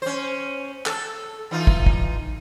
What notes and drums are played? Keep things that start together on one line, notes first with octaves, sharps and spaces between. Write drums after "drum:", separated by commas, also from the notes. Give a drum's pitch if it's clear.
C#4 C5
A4, drum: clap
E3 D#4 F4
drum: kick
drum: kick